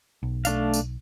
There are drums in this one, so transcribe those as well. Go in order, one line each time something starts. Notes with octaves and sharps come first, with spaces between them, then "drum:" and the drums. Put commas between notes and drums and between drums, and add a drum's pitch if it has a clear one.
B1
A3 D4 F5, drum: tambourine
drum: tambourine